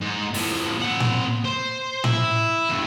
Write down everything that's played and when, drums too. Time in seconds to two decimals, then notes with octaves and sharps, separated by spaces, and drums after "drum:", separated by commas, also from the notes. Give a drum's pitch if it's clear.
0.01 G#2
0.34 A2 F3, drum: open hi-hat
0.82 C4 F#5
1.00 drum: tom A2
1.45 C5
2.04 E4, drum: tom A2
2.69 E2 G2